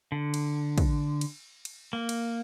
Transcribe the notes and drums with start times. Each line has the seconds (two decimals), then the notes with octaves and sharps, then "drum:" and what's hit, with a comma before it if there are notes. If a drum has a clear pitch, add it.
0.12 D3
0.34 drum: cymbal
0.78 drum: kick, cymbal
1.21 drum: cymbal
1.65 drum: cymbal
1.93 A#3
2.09 drum: cymbal